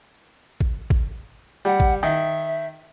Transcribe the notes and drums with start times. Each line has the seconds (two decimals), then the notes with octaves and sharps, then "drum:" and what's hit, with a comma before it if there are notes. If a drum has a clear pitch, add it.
0.61 drum: kick
0.90 drum: kick
1.65 G3 F#5
1.80 drum: kick
2.03 D#3 E5